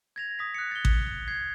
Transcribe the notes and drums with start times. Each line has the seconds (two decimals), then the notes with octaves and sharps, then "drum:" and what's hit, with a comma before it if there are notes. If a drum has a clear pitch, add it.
0.16 G#6 A#6 F7
0.39 D#6 B6
0.54 F#6 C#7
0.71 A6 G7
0.85 drum: kick A1
1.28 G#6 C7